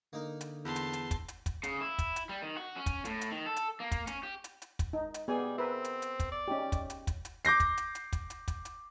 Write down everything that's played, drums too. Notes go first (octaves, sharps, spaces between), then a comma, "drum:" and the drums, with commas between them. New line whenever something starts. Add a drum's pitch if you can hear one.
D3 A#3 D#4 A#4
drum: hi-hat
E2 A5 C6
drum: hi-hat
drum: hi-hat
drum: kick, hi-hat
drum: hi-hat
drum: kick, hi-hat
C#3, drum: hi-hat
E4
drum: kick, hi-hat
drum: hi-hat
G3
D#3
F#4
C#4
drum: kick, hi-hat
A2, drum: hi-hat
drum: hi-hat
D#3
A4
drum: hi-hat
A#3
drum: kick, hi-hat
C#4, drum: hi-hat
G4
drum: hi-hat
drum: hi-hat
drum: kick, hi-hat
D#4
drum: hi-hat
G3 B3 G#4 G#5
C4 A#4 B4 E5
drum: hi-hat
drum: hi-hat
drum: kick, hi-hat
D5
C#4 D#4 G4
drum: kick, hi-hat
drum: hi-hat
drum: kick, hi-hat
drum: hi-hat
D6 G6 A#6 C7, drum: hi-hat
drum: kick, hi-hat
drum: hi-hat
drum: hi-hat
drum: kick, hi-hat
drum: hi-hat
drum: kick, hi-hat
drum: hi-hat